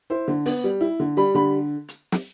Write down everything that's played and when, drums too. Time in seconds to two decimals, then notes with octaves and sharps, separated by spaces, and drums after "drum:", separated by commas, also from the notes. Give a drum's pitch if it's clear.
0.10 E4 C5
0.28 D3
0.46 B3, drum: open hi-hat
0.64 G3
0.81 E4
1.00 D3
1.17 G3 B5
1.35 D3 B5
1.88 drum: hi-hat
2.12 drum: snare